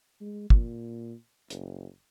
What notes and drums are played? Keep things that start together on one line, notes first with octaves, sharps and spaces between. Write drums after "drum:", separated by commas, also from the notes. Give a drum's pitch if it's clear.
G#3
A#2, drum: kick
F#1, drum: hi-hat